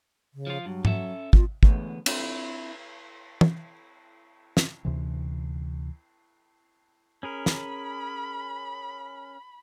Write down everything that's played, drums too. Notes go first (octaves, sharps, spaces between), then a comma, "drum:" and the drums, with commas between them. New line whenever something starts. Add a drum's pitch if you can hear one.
C#3
F3 F4
G2 F#3
C#4 A4 E5, drum: tom G#2
B2 F4, drum: kick
D3 E3 G#3 A3 B3, drum: kick
C4 D4 E4 F4 A4, drum: cymbal
drum: tom
drum: snare
D2 C3 E3
C#4 G#4 A#4 B5
drum: snare